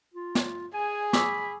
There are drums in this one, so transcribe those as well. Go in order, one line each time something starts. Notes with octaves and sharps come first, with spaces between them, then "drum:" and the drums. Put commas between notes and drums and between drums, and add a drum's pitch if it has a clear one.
F4
drum: snare
G#4 G#5
B5 C#6 D6 E6, drum: snare